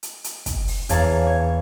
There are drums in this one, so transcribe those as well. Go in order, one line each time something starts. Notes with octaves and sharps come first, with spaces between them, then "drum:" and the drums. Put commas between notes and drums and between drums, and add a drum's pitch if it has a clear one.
drum: hi-hat
drum: hi-hat
drum: kick, hi-hat
drum: open hi-hat
E2 C#5 D5 F5 A5 A#5, drum: hi-hat
C#5